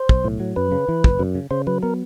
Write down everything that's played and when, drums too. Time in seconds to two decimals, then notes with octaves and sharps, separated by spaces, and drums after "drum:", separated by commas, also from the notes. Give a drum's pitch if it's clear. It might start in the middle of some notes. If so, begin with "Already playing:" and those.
Already playing: C5
0.09 B1, drum: kick
0.24 A2
0.40 F#3
0.56 F#2 B4
0.72 C#3
0.88 E3
1.04 F#1, drum: kick
1.19 F#2
1.35 C#3
1.51 C#3 C5
1.67 F#3 B4
1.83 B3 A#4